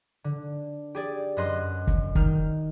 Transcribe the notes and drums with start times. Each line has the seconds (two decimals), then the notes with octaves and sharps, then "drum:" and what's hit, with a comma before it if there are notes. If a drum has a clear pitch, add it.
0.24 D3
0.95 G4 G#4 D5
1.37 F#2 B4 D#5 C6 F#6
1.87 drum: kick
2.15 D#3 F6 G6, drum: kick